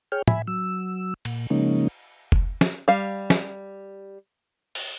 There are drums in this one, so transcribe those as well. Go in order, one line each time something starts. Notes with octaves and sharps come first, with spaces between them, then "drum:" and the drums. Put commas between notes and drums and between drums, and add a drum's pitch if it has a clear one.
G#4 C#5 G5 F6
E5 G#5 B5, drum: tom
F#3 E6
A#2, drum: cymbal
C#3 F3 G#3 A#3 C#4 D#4
drum: kick
drum: snare
G3 F5
drum: snare
drum: open hi-hat